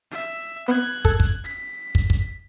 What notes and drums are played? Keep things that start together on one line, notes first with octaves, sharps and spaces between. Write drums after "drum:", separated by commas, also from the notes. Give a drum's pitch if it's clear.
E5
B3 F#6 G#6
A4, drum: kick
drum: kick
B6
drum: kick
drum: kick